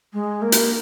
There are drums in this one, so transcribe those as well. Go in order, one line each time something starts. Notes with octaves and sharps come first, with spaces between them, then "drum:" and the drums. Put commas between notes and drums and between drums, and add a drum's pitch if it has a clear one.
G#3
A#3
drum: hi-hat